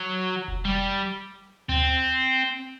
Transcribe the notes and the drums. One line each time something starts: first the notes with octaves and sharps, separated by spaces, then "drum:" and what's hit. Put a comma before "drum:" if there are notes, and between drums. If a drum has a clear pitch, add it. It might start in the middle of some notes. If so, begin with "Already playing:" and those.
Already playing: F#3
drum: kick F1
G3
C4, drum: tom D2